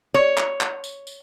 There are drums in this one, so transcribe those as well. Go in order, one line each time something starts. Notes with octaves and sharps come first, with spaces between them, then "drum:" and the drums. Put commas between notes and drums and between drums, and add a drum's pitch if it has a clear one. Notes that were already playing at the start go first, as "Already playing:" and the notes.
C#5
drum: clap
drum: clap
drum: tambourine
drum: tambourine